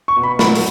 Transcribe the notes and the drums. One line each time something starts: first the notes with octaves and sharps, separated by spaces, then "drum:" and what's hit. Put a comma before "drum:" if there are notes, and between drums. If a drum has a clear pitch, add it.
C#6
B2
B5
F#3 B5, drum: snare
drum: open hi-hat